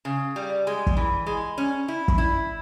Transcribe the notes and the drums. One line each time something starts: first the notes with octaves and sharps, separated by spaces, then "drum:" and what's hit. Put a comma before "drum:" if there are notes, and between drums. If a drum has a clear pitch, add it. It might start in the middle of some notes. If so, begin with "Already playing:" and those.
C#3
G3
G#3
drum: kick
E3
G#3
C#4
E4
drum: kick
E4